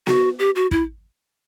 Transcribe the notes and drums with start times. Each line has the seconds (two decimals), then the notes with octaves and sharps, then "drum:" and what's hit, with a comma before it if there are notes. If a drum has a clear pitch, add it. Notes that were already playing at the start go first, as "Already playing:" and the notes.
0.07 F#4, drum: snare B3
0.39 G4
0.56 F#4
0.71 E4, drum: kick